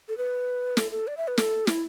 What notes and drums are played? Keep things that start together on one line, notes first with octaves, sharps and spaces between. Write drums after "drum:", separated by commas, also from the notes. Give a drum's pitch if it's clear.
A4
B4
A4, drum: snare
A4
D5
E5
B4
A4, drum: snare
E4, drum: snare